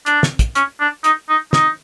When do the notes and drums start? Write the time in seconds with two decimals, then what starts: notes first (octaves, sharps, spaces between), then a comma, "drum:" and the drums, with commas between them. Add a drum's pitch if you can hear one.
0.06 D4, drum: hi-hat
0.23 drum: snare
0.39 drum: kick, hi-hat
0.55 C#4, drum: hi-hat
0.80 D4
1.04 D#4, drum: hi-hat
1.29 D#4
1.53 D#4, drum: snare